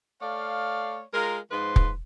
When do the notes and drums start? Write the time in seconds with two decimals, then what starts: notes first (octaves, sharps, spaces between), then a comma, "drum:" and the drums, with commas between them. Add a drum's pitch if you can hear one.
0.21 A3 C#5 D5 F5
1.13 G#3 F4 A#4
1.51 G#2 F3 B4 C6
1.76 drum: kick